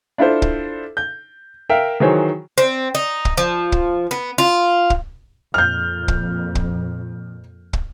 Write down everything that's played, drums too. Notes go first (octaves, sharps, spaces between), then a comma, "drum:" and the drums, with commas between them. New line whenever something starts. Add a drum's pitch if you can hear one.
D4 E4 F4 A4 C5
drum: kick
G6
A#4 E5 F5 G5
D#3 E3 F#3 G#4 C5 C#5
C4
D#4
drum: kick
F3
drum: kick
B3
F4
drum: kick
F2 A#2 F6 G6
drum: kick
drum: kick
drum: kick